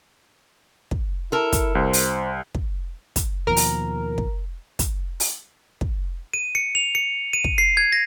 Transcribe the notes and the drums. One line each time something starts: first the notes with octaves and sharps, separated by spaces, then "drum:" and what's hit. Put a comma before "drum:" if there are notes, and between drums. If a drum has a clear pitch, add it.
drum: kick
E4 A4 A#4
drum: kick, hi-hat
C2 C5
drum: open hi-hat
drum: kick
drum: kick, hi-hat
D#2 B2 F3 A#4
drum: open hi-hat
drum: kick
drum: kick, hi-hat
drum: open hi-hat
drum: kick
D#7
C#7
F7
C#7
D#7
drum: kick
C7
G#6
A#6